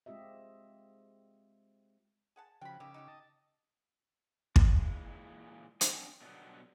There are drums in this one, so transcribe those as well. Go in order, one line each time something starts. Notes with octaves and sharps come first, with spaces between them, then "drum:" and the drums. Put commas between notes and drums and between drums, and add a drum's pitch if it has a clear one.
G#3 C4 F4 G4 D#5 E5
G#4 F#5 A5
C#3 F3 F#4 G5 B5
C#3 A#3 D#4 G4 D6 E6
D#4 F#4 G4
D#5 A5
A#2 E3 G#3, drum: kick
C4 D4 F#5 G#5, drum: hi-hat
B2 D3 F#3 G3 B3